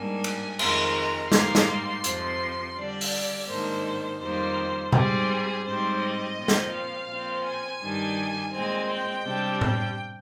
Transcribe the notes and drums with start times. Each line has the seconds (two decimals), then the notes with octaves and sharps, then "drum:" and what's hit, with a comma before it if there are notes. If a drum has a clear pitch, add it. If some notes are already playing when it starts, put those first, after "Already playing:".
Already playing: G#2 G3 A#3 D4 G#5
0.24 drum: cymbal
0.59 F2 D#3 G#3 A#5, drum: cymbal
1.32 G#2 G3 A#3 C6, drum: snare
1.55 drum: snare
2.04 F2 C3 F3, drum: hi-hat
2.76 D3 G3 D4 D5
3.01 drum: open hi-hat
3.48 G#2 D#3 A#3 D4 C5
4.20 F2 D#3 G3 A#3 C5
4.92 G#2 G3 C4 G#4, drum: tom A#2
5.65 G#2 G3 C4 C5
6.01 D#5
6.37 A#2 F3 C4
6.48 drum: snare
6.73 F5
7.09 A#2 F3 C4
7.45 G#5
7.81 G2 D#3 G3 D4
8.53 A#2 G#3 C4 G#5
8.89 G5
9.25 C3 G3 D4
9.61 G5, drum: tom A2